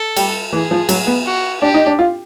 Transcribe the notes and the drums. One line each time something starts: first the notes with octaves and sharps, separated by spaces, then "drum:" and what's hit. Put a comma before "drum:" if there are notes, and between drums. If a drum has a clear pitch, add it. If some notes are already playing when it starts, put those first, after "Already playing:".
Already playing: A4
G3, drum: cymbal
E3 G#4
F3
F#3, drum: cymbal
B3
F#4
D4 G4
D#4
D4
F4